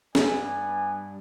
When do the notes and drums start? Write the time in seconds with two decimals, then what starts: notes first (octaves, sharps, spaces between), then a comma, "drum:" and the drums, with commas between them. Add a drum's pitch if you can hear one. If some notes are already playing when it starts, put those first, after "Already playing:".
0.15 G2 B3 D5 G#5, drum: snare